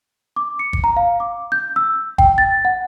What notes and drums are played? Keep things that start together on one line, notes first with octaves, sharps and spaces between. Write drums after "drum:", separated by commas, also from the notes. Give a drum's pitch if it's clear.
D6
C#7
drum: kick
A#5
F5
D6
G6
E6
G5, drum: kick
A6
F#5